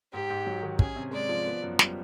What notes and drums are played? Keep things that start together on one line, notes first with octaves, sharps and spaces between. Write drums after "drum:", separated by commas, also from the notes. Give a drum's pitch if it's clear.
G#2 G4
G#2
F#3
D#3
C#4 G#4, drum: kick
C3
G#3 D5
F3
B3
F#2
G3, drum: snare